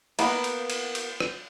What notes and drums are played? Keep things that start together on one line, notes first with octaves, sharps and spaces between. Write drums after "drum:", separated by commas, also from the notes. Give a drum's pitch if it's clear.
A#3 B3 B4 F5, drum: cymbal
drum: cymbal
drum: cymbal
drum: cymbal
drum: rim click